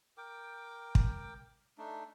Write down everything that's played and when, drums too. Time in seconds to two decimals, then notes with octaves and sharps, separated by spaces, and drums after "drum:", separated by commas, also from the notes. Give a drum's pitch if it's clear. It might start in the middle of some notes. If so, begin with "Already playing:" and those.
0.18 A#4 G5 D6
0.95 drum: kick
1.78 A3 D4 D#4